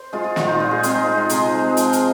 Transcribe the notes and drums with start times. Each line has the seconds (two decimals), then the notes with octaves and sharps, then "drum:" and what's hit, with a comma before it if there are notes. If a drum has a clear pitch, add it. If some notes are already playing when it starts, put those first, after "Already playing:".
Already playing: C5
0.13 G#3 F4
0.24 F4
0.36 A#2 F4, drum: snare
0.48 D#4
0.60 A#2 F4
0.71 G#4
0.83 G#3 C4, drum: hi-hat
0.95 D#4
1.07 G#3 D#4
1.18 F4
1.29 C3 G#4, drum: hi-hat
1.54 G#3
1.77 F3, drum: hi-hat
1.93 drum: hi-hat